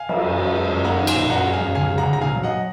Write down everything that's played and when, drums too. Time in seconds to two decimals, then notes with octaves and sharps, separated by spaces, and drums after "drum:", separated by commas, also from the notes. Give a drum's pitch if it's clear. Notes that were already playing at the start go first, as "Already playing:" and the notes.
Already playing: F5 G#5
0.09 F#3, drum: cymbal
0.24 F#2
0.39 F#2
0.54 G#3
0.69 F#2
0.84 A#3 F#5 A#5
1.00 D#3
1.07 G#5 C6, drum: cymbal
1.15 A#1
1.30 F#2 F#5 A#5
1.46 G#3
1.53 F5 G#5
1.61 F#2
1.75 C#2 F5 G#5
1.91 G#3
1.98 F#5 A#5
2.06 C#2
2.13 A#5
2.21 A#1 F5 G#5
2.36 F#3
2.43 D#5 F#5